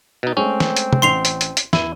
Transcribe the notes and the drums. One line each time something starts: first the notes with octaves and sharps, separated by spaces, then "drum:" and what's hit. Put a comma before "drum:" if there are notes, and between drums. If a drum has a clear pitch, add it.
B2 D#4
G#3 A3 C4 C#4
drum: snare
drum: hi-hat
drum: tom C3
A1 C6 C7 F7
drum: hi-hat
drum: hi-hat
drum: hi-hat
E2 E4 D#7 G7, drum: snare